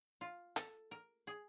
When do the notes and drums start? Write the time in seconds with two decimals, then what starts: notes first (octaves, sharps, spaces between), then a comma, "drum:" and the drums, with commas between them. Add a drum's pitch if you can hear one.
0.21 F4
0.56 A4, drum: hi-hat
0.91 A#4
1.27 G#4